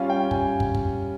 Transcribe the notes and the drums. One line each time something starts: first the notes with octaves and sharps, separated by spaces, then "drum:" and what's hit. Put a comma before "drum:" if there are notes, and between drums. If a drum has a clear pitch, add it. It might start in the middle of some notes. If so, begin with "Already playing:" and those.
Already playing: G3 C#4 F4 F5
G5
G#5, drum: kick
drum: kick
drum: kick